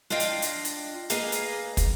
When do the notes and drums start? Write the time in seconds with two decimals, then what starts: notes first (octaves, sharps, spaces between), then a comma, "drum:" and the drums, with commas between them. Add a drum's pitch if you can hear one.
0.10 D4 F4 D#5 F5 G5
0.20 drum: hi-hat
0.42 drum: hi-hat
0.65 drum: hi-hat
1.10 A#3 G#4 B4 D#5 F5 A#5, drum: hi-hat
1.32 drum: hi-hat
1.77 drum: kick, hi-hat